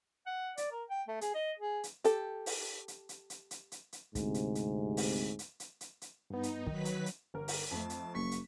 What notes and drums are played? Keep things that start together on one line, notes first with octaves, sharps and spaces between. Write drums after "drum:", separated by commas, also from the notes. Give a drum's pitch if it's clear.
F#5
D5, drum: hi-hat
A#4
G5
A3
G#4, drum: hi-hat
D#5
G#4
drum: hi-hat
G4 A4, drum: hi-hat
drum: open hi-hat
drum: hi-hat
drum: hi-hat
drum: hi-hat
drum: hi-hat
drum: hi-hat
drum: hi-hat
D2 G#2 C3, drum: kick, hi-hat
drum: hi-hat
drum: hi-hat
drum: open hi-hat
drum: hi-hat
drum: hi-hat
drum: hi-hat
drum: hi-hat
G2 B3 D#4
drum: hi-hat
D#3 F#3 B4 B6, drum: kick
drum: hi-hat
drum: hi-hat
G1 A#4
drum: open hi-hat
F2 A3 A5
drum: hi-hat
F#1 C#6 B6
drum: hi-hat